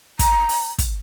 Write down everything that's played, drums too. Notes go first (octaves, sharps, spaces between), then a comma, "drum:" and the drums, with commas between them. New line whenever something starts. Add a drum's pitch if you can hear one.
A#5, drum: kick, hi-hat
drum: open hi-hat
drum: kick, hi-hat